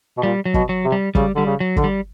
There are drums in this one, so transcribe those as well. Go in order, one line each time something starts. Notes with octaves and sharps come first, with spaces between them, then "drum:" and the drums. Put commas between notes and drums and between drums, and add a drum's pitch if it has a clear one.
B2
A#2 G3
F#3
B2, drum: kick
F#3
C3
G3
C#3 G3, drum: kick
D3 G3
C#3
F#3
D3, drum: kick
G3